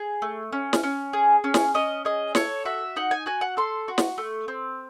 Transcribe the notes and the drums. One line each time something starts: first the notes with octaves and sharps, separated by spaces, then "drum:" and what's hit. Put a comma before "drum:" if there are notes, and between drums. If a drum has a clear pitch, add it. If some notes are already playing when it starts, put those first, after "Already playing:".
Already playing: G#4
A3
C#4
drum: snare
C#4
G#4
C#4
drum: snare
C#4 D#5
G#4 D#5
A4 C#5, drum: snare
F#4 E5
D#4 F#5
G#5
F#4 G#5
F#5
A4 C6
F#4
drum: snare
A3
C4